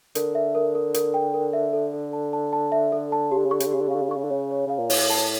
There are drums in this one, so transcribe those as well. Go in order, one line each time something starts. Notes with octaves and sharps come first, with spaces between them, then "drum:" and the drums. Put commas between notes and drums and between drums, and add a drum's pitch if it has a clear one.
D3 A#4, drum: hi-hat
E5
A#4
A#4
A#4, drum: hi-hat
G5
A#4
E5
A4
A4
A5
A5
A5
E5
A4
A5
C#3 G4
D3
C#3
D3 C#6
C#3, drum: hi-hat
D3
C#3 G4
D3
C#3 F5
D3
C#3
D3 C#6
C#3
D3
C#3 C#5
C#5
C#3 F5
A#2
A2 C#5, drum: open hi-hat
A5